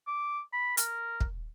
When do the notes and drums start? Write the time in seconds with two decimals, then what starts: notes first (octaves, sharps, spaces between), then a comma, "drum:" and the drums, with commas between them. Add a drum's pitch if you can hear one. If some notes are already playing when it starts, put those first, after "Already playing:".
0.07 D6
0.53 B5
0.77 A#4, drum: hi-hat
1.21 drum: kick